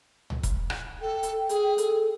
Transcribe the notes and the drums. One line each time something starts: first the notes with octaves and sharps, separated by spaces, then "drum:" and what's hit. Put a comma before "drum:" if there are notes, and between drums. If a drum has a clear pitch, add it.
drum: tom C2
drum: kick E1, hi-hat
drum: rim click
A4 G5
drum: hi-hat
G#4, drum: hi-hat
A4, drum: hi-hat